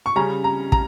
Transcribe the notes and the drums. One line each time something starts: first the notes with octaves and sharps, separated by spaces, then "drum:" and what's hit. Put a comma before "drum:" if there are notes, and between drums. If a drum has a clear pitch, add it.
C#6
C#3 G3 C#4 A#5
A#5
A#5, drum: kick